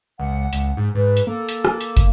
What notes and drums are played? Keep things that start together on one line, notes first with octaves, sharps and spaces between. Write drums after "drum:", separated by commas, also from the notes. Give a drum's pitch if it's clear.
C#2 F#5
C#2, drum: hi-hat
G#2
G#2 B4
drum: hi-hat
A#3 A4
drum: hi-hat
drum: rim click
drum: hi-hat
drum: kick, hi-hat